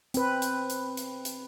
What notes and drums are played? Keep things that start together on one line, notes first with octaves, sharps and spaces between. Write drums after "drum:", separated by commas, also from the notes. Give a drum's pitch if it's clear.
C4 B4, drum: hi-hat
drum: hi-hat
drum: hi-hat
drum: hi-hat
drum: hi-hat